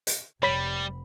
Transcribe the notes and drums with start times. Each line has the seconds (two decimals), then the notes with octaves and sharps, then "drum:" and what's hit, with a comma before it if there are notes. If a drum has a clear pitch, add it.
0.07 drum: hi-hat
0.43 F1 G3 C#5 B5 B6